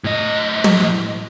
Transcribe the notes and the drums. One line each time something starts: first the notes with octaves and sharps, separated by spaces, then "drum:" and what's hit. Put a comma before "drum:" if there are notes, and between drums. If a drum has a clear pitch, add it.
A2 D#5
drum: tom